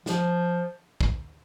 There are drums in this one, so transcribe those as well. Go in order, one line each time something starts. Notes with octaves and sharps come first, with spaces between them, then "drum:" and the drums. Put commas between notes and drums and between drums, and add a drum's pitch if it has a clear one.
F3, drum: snare
drum: kick